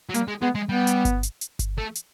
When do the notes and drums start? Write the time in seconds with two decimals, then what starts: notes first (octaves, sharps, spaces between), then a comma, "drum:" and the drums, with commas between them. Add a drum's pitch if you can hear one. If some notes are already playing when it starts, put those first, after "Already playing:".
0.09 F#3
0.14 G3 A#3, drum: hi-hat
0.28 G#3
0.42 G#3 B3
0.55 G#3
0.69 G3 B3
0.87 drum: hi-hat
1.05 drum: kick G1, hi-hat
1.23 drum: hi-hat
1.41 drum: hi-hat
1.59 drum: kick G1, hi-hat
1.78 A3
1.95 drum: hi-hat